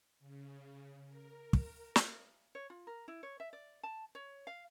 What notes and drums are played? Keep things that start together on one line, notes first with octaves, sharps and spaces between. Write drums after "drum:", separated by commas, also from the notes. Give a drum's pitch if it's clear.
C#3
A#4
drum: kick
drum: snare
C#5
F4
A#4
E4
C#5
E5
D5
A5
C#5
F5